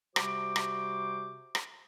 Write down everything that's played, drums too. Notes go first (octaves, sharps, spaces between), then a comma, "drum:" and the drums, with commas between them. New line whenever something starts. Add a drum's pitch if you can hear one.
C3 G3 F#4 C5 D6, drum: rim click
drum: rim click
drum: rim click